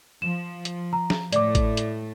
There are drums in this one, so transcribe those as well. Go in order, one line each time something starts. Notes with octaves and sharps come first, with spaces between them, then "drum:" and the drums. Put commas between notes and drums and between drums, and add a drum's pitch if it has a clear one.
F3 E7
drum: hi-hat
A#5
drum: snare
A2 A3 D5 D6, drum: hi-hat
drum: kick G#1, hi-hat
drum: hi-hat